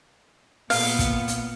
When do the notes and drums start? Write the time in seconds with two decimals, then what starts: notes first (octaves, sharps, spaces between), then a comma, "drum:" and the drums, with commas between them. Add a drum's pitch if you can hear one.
0.70 A#2 B3 F5, drum: open hi-hat
0.99 drum: kick, hi-hat
1.28 drum: hi-hat